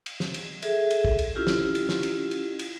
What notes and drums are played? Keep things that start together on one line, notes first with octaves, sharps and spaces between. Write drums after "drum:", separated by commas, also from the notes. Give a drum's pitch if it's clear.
drum: cymbal
drum: snare
drum: cymbal
G#4 A4 E5, drum: cymbal
drum: cymbal
drum: kick
drum: cymbal
C#4 E4 F4 G4
drum: snare
drum: cymbal
drum: snare
drum: cymbal
drum: cymbal
drum: cymbal